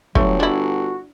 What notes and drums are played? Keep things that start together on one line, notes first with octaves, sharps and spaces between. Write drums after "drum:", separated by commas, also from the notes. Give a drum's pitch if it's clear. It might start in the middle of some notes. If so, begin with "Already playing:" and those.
G1 F#3 A3, drum: kick
D4 E4 F#4